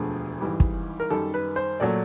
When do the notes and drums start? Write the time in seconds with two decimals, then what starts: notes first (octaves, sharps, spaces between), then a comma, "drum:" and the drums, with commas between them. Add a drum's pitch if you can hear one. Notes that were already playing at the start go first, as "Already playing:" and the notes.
Already playing: E1 D2 D3 F3 A3 G#4
0.41 G#1 G#2 E3 G3
0.60 drum: kick
1.00 A#4
1.10 F#2 D#3 G3 A4
1.34 B4
1.56 C5
1.80 A#2 F#3 A3 D5